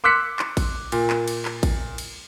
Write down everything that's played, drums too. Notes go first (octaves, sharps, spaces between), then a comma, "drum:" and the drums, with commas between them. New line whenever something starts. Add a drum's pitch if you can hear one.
C6 D6 E6 F#6 B6 C#7
drum: clap
drum: kick A1, cymbal
A#2, drum: cymbal
drum: clap
drum: cymbal
drum: clap
drum: kick A1, cymbal
drum: cymbal